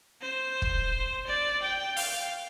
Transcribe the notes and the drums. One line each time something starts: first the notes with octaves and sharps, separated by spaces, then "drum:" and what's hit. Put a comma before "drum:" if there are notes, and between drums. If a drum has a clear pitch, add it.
C5
drum: kick
D5
G5
F5, drum: open hi-hat